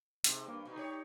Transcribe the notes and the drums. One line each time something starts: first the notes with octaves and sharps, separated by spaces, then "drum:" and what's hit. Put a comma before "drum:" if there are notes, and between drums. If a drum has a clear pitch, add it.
G#2 C3, drum: hi-hat
G2 A#3
B2 D#4
G4 C#5